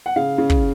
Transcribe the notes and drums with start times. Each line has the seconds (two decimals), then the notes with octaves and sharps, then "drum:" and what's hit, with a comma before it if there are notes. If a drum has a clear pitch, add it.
0.06 F#5
0.16 C#3 F5
0.38 C#3
0.50 drum: kick